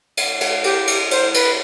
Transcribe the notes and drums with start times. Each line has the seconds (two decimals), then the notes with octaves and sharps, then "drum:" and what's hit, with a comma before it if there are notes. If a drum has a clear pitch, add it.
0.17 drum: cymbal
0.40 drum: cymbal
0.64 G4, drum: cymbal
0.87 drum: cymbal
1.11 C5, drum: cymbal
1.34 B4, drum: cymbal